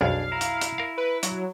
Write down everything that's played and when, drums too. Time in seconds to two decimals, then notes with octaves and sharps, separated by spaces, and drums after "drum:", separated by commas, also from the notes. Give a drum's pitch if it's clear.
0.01 B1 F2 D4 G#4 F5
0.32 E4 A#5
0.41 drum: hi-hat
0.61 drum: hi-hat
0.78 A#4 F5
0.98 B4
1.23 F#3, drum: hi-hat